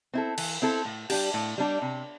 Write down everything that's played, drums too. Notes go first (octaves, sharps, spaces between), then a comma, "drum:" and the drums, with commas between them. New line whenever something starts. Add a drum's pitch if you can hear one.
C4 E4 A4
E3, drum: cymbal
C4 E4 A4
A2
G3 D4 G4, drum: cymbal
A2
G3 D4 G4
C3